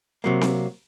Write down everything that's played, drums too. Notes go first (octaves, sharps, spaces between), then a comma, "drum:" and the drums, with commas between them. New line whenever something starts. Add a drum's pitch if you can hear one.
C3 F#3 A#3
drum: snare C4